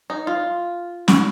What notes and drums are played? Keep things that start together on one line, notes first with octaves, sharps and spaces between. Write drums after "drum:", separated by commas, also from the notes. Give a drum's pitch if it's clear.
D#4
F4
F#4, drum: snare